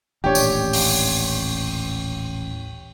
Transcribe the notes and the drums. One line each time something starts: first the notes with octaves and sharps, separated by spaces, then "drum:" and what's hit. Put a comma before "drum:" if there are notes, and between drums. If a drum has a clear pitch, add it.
D#1 A1 D4 G4 C#5
drum: tambourine
drum: open hi-hat